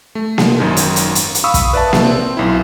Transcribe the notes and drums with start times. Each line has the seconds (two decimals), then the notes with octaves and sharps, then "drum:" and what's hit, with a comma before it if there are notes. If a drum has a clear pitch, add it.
0.15 A3
0.38 drum: snare A#3
0.59 G#1 F#2 D#3
0.77 drum: hi-hat
0.96 drum: hi-hat
1.15 drum: hi-hat
1.35 drum: hi-hat
1.44 F5 B5 C#6 D#6 E6
1.54 drum: kick, hi-hat
1.73 B4 D5 E5 A5
1.93 drum: snare A#3
2.04 C4
2.37 B1 E4